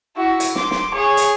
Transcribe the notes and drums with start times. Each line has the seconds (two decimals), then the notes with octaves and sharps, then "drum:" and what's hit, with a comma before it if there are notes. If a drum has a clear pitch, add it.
0.16 E4 F#4
0.40 drum: hi-hat
0.55 C6 D6, drum: snare
0.71 drum: snare
0.93 G#4 C#5
1.17 drum: hi-hat